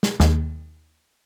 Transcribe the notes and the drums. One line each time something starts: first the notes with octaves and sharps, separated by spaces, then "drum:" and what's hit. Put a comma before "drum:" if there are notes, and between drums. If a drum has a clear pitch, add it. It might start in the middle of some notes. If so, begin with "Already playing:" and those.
drum: snare
D#2, drum: snare